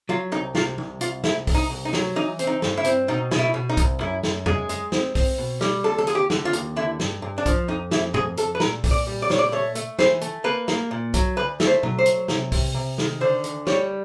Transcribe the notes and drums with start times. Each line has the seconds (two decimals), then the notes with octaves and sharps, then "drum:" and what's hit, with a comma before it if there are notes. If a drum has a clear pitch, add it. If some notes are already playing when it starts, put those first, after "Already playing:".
0.09 F#3 F4
0.32 C2 D#4
0.55 C3 F4, drum: snare
0.78 C2, drum: tom
1.01 C2 F4, drum: hi-hat
1.24 C2 E4, drum: snare
1.47 C2, drum: kick B1, open hi-hat
1.55 D#4
1.70 C2
1.85 D#4
1.93 F#3, drum: snare
2.16 E3 D#4
2.39 C4, drum: hi-hat
2.47 D#4
2.62 G2, drum: snare
2.77 E4
2.85 C4, drum: hi-hat
3.08 B2 D#4
3.31 B2, drum: snare
3.39 E4
3.54 B2
3.69 D#4
3.77 C2, drum: kick B1, hi-hat
4.01 F#2 E4
4.23 F#2, drum: snare
4.46 G#3 G#4, drum: tom E2
4.69 G#3, drum: hi-hat
4.92 C4, drum: snare
5.15 C4, drum: kick B1, open hi-hat
5.38 B2
5.61 G3, drum: snare
5.84 D#2 A4
5.98 A4
6.07 D#2 G#4, drum: hi-hat
6.15 G4
6.30 D3, drum: snare
6.45 F4
6.53 D#2, drum: hi-hat
6.76 D3 E4
7.00 G2, drum: snare
7.22 G2
7.38 D4
7.46 F3, drum: kick B1, hi-hat
7.68 F2 D#4
7.91 F2 E4, drum: snare
8.14 F2 G#4, drum: tom
8.37 F2 A4, drum: hi-hat
8.55 B4
8.60 A#2 A#4, drum: snare
8.84 A#2, drum: kick B1, open hi-hat
8.91 D5
9.07 G3
9.22 D5
9.30 A#2 C#5, drum: snare
9.39 D5
9.52 A3 C#5
9.75 A3, drum: hi-hat
9.99 E3 C5, drum: snare
10.21 A3, drum: hi-hat
10.44 A#3 B4
10.68 A#3, drum: snare
10.91 A#2
11.14 F#3, drum: kick B1, hi-hat
11.37 D2 B4
11.60 A3, drum: snare
11.67 C5
11.83 F#3, drum: tom B2
11.99 C5
12.06 F#3, drum: hi-hat
12.28 C3, drum: snare
12.52 C3, drum: kick B1, open hi-hat
12.74 C3
12.98 D#3, drum: snare
13.21 D3 C5
13.44 D2, drum: hi-hat
13.67 G3 C#5, drum: snare